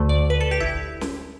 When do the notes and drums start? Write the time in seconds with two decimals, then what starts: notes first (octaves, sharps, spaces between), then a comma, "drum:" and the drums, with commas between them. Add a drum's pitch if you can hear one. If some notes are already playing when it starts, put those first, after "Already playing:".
Already playing: D2 D3 A3
0.09 D5
0.30 B4
0.41 A4
0.51 G4
0.60 E4, drum: kick C#1
1.01 drum: snare